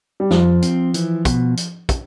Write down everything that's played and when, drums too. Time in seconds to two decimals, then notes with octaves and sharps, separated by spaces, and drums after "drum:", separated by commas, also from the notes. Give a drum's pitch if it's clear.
0.20 G3
0.31 F2 F3, drum: snare
0.62 C4, drum: hi-hat
0.94 E3, drum: hi-hat
1.25 B2, drum: kick, hi-hat
1.57 drum: hi-hat
1.89 drum: kick, hi-hat